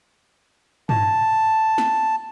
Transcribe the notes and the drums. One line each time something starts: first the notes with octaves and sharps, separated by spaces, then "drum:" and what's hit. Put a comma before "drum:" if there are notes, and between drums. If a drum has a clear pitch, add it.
A5, drum: tom
drum: snare